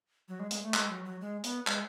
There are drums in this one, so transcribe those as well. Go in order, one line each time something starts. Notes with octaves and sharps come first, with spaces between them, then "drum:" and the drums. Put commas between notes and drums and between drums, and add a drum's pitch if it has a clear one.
F#3
G#3
G#3, drum: hi-hat
A3
G#3, drum: clap
F#3
F#3
G#3
B3, drum: hi-hat
G#3, drum: clap